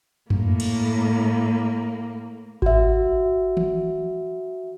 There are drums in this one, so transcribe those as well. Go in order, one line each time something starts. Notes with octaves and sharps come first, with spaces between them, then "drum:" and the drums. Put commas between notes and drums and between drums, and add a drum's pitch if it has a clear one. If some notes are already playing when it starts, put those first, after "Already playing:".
A2 A#3, drum: tom F#2
drum: cymbal
F#4 E5, drum: kick G#1
drum: tom D#3